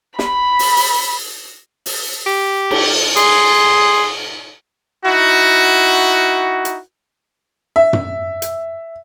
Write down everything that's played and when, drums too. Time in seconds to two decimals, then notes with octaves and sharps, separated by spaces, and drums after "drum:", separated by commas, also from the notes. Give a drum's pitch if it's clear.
0.19 B5, drum: snare
0.59 drum: open hi-hat
0.77 drum: open hi-hat
1.86 drum: open hi-hat
2.27 G4
2.71 drum: cymbal
3.17 G#4 C6, drum: hi-hat
5.06 D#4 E4 F#4
6.65 drum: hi-hat
7.76 E5
7.93 drum: tom
8.42 drum: hi-hat